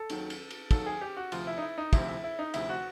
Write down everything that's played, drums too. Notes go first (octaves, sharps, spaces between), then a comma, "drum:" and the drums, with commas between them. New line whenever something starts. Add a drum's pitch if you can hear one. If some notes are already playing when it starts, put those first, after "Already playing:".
Already playing: A4
D#2 D#3 F#3, drum: cymbal
drum: cymbal
drum: cymbal
D#2 D#3 F#3 A4, drum: kick, cymbal
G#4
G4
F#4
D2 C3 F3 F4, drum: cymbal
E4
D#4
E4
D#4
D2 C3 F3 E4, drum: kick, cymbal
E4
E4
D#4
D2 C3 F3 E4, drum: cymbal
F#4